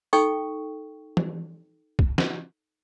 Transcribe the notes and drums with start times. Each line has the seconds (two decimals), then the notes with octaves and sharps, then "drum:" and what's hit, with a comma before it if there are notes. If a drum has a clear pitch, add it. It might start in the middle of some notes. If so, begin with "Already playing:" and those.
0.13 D#4 A4 G5 C#6, drum: tambourine
1.17 drum: tom E3
1.99 drum: kick B1
2.18 drum: snare